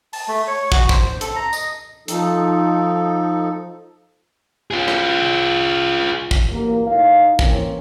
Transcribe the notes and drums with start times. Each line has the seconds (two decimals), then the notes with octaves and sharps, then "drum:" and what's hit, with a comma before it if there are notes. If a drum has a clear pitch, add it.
0.13 A5, drum: open hi-hat
0.28 A3
0.47 C#5
0.72 F#4, drum: kick
0.89 C5, drum: kick
1.21 A4, drum: hi-hat
1.36 A#5
1.53 D#5, drum: tambourine
2.08 F3 D#4 A4, drum: hi-hat
4.71 F4 G#4
4.88 drum: rim click
6.31 drum: kick
6.50 A1 F#3 A#3
6.86 A2 D#4 F5
7.39 E3 A#3 C4 C#4, drum: kick